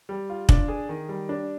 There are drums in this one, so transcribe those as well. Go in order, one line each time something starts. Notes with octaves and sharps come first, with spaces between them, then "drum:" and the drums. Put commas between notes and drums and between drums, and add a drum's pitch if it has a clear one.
G3
F4
D4, drum: kick
G#4
D#3
G3
D4